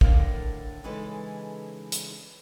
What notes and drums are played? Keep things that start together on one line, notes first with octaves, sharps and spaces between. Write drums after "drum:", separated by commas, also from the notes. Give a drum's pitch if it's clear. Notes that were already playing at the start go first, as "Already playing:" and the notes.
A2 D3 D4 A#4 C5 F5, drum: kick
C#3 E3 G#3 D#4 A4 B4
drum: hi-hat